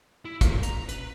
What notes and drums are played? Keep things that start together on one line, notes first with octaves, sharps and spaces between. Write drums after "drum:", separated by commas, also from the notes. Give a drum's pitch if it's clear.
E4
A#2, drum: kick, hi-hat
A#5, drum: hi-hat
B4, drum: hi-hat